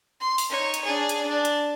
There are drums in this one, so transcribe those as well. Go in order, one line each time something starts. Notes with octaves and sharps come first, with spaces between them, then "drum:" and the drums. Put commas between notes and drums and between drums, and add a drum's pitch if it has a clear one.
C6
drum: open hi-hat
D#4 C#5
drum: hi-hat
D4 G#4
drum: hi-hat
D4
drum: hi-hat